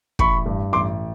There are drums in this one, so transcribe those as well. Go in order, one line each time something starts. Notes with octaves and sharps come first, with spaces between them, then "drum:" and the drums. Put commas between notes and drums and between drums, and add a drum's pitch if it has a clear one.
A1 B5 C#6, drum: kick
G2
A1 C6 D6